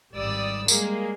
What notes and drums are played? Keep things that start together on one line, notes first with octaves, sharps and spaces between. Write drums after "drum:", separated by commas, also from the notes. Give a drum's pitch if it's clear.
G#1 G3 D5 D#6 E6
G3 G#3 A#3 G#4, drum: tambourine